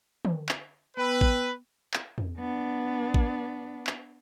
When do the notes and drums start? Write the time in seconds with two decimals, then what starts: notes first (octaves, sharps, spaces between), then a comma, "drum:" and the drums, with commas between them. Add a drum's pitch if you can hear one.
0.25 drum: tom
0.49 drum: clap
0.97 B3 B4 G5 E6
1.21 drum: kick
1.94 drum: clap
2.18 drum: tom E2
2.39 B3 D4
3.14 drum: kick
3.87 drum: clap